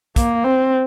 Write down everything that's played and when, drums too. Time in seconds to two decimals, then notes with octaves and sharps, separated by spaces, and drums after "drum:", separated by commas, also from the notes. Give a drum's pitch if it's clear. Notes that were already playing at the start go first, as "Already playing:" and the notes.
0.16 A#3, drum: kick, hi-hat
0.44 C4